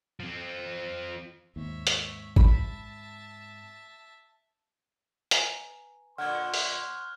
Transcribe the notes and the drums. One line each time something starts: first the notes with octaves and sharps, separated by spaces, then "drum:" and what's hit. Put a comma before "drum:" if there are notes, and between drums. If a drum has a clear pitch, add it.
F3 C4
D#2 G#2 C4 C#5 E5
drum: hi-hat
E5 A5 B5, drum: kick
B4 G#5 A#5, drum: hi-hat
A#2 D3 C#5 F#5 C6 F6 F#6 G#6
drum: open hi-hat